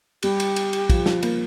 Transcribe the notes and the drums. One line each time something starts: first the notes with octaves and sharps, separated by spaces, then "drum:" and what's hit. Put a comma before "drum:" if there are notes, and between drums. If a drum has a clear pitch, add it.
G3 G4, drum: cymbal
drum: cymbal
drum: cymbal
drum: cymbal
F3, drum: kick, cymbal
F3, drum: snare
A#3, drum: cymbal